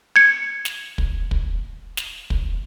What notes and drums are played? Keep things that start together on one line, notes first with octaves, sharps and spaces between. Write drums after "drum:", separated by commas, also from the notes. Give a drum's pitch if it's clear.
G#6 C#7
drum: snare
drum: kick
drum: kick
drum: snare
drum: kick